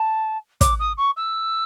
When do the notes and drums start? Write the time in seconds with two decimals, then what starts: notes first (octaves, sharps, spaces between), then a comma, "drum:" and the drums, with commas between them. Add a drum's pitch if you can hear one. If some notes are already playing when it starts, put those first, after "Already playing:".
Already playing: A5
0.61 D6, drum: kick, hi-hat
0.80 D#6
0.98 C#6
1.17 E6